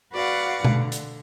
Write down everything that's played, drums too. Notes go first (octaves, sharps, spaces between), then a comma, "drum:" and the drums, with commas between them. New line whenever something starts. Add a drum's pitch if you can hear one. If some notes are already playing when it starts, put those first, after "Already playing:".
F#4 B4 D5 F5 F#5
D3, drum: tom B2
drum: hi-hat